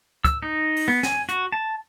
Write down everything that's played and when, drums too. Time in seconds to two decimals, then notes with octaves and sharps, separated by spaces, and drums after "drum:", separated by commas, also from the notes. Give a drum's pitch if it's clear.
0.25 E6, drum: kick, hi-hat
0.43 D#4
0.76 drum: open hi-hat
0.88 B3
1.03 G#5, drum: snare
1.29 F#4, drum: hi-hat
1.52 A5